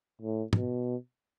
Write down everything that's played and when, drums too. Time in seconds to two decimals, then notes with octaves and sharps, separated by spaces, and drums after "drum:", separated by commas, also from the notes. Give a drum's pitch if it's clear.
0.22 A2
0.53 B2, drum: tom